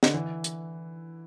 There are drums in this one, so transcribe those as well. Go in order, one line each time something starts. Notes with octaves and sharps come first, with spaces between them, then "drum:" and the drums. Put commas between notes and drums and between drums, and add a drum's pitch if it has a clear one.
D3, drum: snare
E3
drum: hi-hat